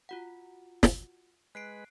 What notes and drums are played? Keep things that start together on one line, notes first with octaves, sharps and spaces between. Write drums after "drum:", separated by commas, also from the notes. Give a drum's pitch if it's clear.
F4 F#4 F#5
drum: snare
G#3 B4 F#6 C7 D7